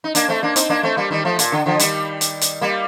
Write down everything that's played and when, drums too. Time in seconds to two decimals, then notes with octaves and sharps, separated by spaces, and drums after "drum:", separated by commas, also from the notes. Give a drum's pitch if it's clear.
0.04 D#4
0.15 A#3 D4, drum: hi-hat
0.28 A3 C4
0.43 A#3 D4
0.56 C4 D#4, drum: hi-hat
0.70 A#3 D4
0.83 A3 C4
0.97 G3 A#3
1.11 D#3 G3
1.25 F3 A3
1.39 A#2, drum: hi-hat
1.52 D3
1.66 D3 F3
1.79 D#3 G3, drum: hi-hat
2.21 drum: hi-hat
2.41 drum: hi-hat
2.61 G3 A#3